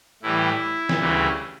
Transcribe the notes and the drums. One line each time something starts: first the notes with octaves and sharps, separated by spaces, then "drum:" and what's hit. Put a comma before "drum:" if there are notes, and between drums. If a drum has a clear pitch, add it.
A2 E3 G3 E4
drum: snare
D2 C#3 E3 G3